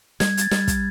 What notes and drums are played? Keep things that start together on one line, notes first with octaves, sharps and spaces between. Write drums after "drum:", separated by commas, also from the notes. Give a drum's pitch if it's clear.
G3 G#6, drum: snare
G#6, drum: hi-hat
A6
G3, drum: snare
drum: kick, hi-hat